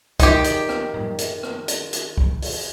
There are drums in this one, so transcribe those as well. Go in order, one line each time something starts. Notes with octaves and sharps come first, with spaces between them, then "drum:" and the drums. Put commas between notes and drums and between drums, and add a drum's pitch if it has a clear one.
D#3 G4, drum: kick C#2, hi-hat
drum: hi-hat
drum: rim click
drum: tom A2
drum: hi-hat
drum: rim click
drum: hi-hat
drum: hi-hat
drum: kick C#2
drum: open hi-hat